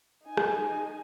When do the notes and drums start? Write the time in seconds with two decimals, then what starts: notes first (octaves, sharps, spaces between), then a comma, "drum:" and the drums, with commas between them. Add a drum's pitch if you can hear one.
0.23 D#4 G#5
0.37 drum: rim click